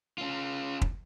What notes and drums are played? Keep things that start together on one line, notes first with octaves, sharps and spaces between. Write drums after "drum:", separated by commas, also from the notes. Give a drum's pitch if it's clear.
C#4 F4
drum: kick